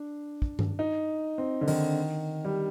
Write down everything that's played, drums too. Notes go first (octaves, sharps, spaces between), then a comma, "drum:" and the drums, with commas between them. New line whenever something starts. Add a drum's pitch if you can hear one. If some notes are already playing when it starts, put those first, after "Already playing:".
Already playing: D4
drum: kick
drum: tom G2
D#4
C4
D3
D#3, drum: open hi-hat
G3